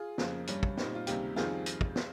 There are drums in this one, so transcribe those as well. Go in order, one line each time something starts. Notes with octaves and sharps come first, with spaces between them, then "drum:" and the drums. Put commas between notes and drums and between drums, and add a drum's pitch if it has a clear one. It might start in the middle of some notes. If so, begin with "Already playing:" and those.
Already playing: F4 G#4
F2 C#3 F3 A#3, drum: snare
G2 G3 C#4, drum: hi-hat
drum: kick
A#2 G3 C4 D#4, drum: snare
F4
C#2 C3 D#3 G3 A#3 G4, drum: hi-hat
F2 D#3 G3 C4 F4 G#4, drum: snare
drum: hi-hat
drum: kick
drum: snare